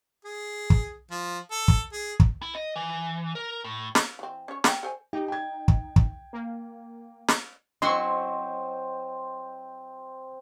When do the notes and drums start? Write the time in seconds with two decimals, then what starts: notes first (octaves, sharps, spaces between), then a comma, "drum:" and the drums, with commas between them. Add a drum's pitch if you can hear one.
0.25 G#4
0.70 drum: kick
1.11 F3
1.51 A4
1.68 drum: kick
1.93 G#4
2.20 drum: kick
2.42 E4
2.55 D#5
2.76 E3
3.35 A#4
3.64 A2
3.95 drum: snare
4.19 E3 C4
4.48 C#4 C#5
4.64 F#5 G5, drum: snare
4.83 A4 C5 G#5
5.13 D#4 G4
5.28 G5 G#6
5.68 drum: kick
5.96 drum: kick
6.33 A#3
7.28 drum: snare
7.82 F#3 C4 E4 F#4 C5 D#5 C6 C#6